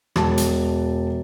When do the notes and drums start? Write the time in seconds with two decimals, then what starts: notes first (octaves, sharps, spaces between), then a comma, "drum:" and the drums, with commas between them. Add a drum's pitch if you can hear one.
0.16 E1 A5, drum: rim click
0.38 drum: hi-hat